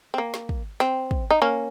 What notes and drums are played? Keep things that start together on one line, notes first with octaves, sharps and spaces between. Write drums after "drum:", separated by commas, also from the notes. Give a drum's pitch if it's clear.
C4
A#3
drum: snare
drum: kick
C4, drum: snare
drum: kick
D#4
A#3 C#4